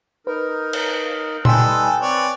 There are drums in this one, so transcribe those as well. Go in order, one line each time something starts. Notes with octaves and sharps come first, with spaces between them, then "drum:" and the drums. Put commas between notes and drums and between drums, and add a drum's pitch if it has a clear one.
D#4 A#4 B4
drum: cymbal
G3 D#4 A4 B4 G5 G#5 C6 E6, drum: tom A#2
C4 B4 C#5 D5